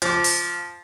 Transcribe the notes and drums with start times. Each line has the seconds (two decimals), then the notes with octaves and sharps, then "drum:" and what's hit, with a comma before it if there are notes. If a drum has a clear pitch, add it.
0.02 F3 D6, drum: hi-hat
0.24 drum: open hi-hat